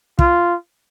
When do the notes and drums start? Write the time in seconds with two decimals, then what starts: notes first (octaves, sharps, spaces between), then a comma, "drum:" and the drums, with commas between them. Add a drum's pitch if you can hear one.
0.19 F4, drum: kick